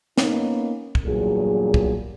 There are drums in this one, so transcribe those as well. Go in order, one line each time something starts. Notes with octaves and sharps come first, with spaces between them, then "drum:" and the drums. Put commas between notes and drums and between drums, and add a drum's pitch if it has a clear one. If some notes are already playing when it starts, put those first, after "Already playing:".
A#3 B3 C#4 D#4, drum: snare
drum: kick
E2 G2 A#2 F#3 G#4
drum: kick